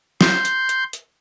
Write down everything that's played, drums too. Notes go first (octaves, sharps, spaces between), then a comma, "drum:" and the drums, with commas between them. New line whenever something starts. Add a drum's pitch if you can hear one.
C6 G6, drum: snare
drum: hi-hat
drum: hi-hat
drum: hi-hat